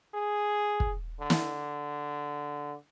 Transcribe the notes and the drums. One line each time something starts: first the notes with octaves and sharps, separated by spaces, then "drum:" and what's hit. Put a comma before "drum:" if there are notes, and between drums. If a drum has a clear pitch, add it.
G#4
drum: kick
D3
drum: snare